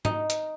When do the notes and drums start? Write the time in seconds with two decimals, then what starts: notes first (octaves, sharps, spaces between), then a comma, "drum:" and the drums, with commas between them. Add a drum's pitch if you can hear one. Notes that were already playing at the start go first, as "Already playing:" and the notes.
0.05 D#4, drum: tom G#2
0.30 drum: hi-hat